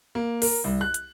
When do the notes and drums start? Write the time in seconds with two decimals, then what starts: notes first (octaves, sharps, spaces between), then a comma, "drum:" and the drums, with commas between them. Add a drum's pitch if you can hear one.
0.15 A#3
0.42 A#4, drum: open hi-hat
0.64 C2
0.81 F#6
0.94 drum: hi-hat